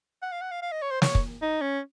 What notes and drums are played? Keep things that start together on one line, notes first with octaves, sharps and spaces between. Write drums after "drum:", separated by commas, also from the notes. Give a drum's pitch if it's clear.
F#5
F5
F#5
F5
F5
D#5
C#5
C5
C#5, drum: snare
drum: kick
D#4
C#4